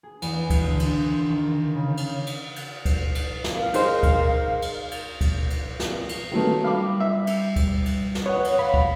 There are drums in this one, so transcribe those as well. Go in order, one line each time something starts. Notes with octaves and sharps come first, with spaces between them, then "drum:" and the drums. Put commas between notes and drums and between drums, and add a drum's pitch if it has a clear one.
G#4
E2, drum: cymbal
drum: kick, cymbal
D3
drum: cymbal
C6
D#3
C#3
drum: cymbal
drum: cymbal
drum: cymbal
drum: kick, cymbal
drum: cymbal
drum: snare
A#4 F5
D#4 G#4 C5, drum: cymbal
drum: kick, cymbal
drum: cymbal
drum: cymbal
drum: kick, cymbal
drum: cymbal
drum: snare
drum: cymbal
D#3 F#3 A3 C4 B4 A5
G3 F5 B5 D6
E5
drum: cymbal
drum: kick, cymbal
drum: cymbal
drum: snare
B4 C#5 F#5 D#6
drum: cymbal
F5 B5
drum: kick